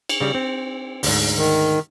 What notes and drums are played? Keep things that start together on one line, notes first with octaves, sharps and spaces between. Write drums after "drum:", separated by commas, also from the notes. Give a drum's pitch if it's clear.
drum: cymbal
C#3 G3
C4
D2 G#2, drum: open hi-hat
D#3